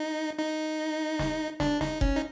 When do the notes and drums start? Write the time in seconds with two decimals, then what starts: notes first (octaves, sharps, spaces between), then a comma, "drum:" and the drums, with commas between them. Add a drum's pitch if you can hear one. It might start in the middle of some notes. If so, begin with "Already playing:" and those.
Already playing: D#4
0.38 D#4
1.19 drum: snare
1.60 D4, drum: snare
1.81 D#4, drum: snare
2.01 C#4, drum: kick F1
2.16 D#4